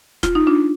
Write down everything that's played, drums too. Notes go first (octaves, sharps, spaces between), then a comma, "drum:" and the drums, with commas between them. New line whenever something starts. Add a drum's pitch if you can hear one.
F4, drum: snare
D#4
D4 F4